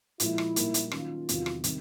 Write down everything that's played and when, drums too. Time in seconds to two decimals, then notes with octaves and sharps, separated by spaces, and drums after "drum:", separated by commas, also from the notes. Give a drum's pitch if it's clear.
0.20 A#2 F3 G#3 E4, drum: hi-hat
0.38 drum: rim click
0.56 A#2 G3 A#3 D#4 G4, drum: hi-hat
0.74 drum: hi-hat
0.91 D#3 F#3 A#3 C#4 F4, drum: rim click
1.29 E2 C3 D#3 F#3 B3, drum: hi-hat
1.46 drum: rim click
1.64 C3 D#3 G3, drum: hi-hat